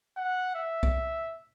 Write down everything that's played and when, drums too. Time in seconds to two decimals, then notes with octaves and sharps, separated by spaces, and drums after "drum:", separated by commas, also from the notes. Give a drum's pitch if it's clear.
0.17 F#5
0.55 E5
0.83 drum: kick